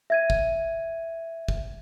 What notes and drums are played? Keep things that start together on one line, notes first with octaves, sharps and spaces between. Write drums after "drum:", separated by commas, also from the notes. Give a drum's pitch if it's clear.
E5 G#6 D#7
drum: kick
drum: kick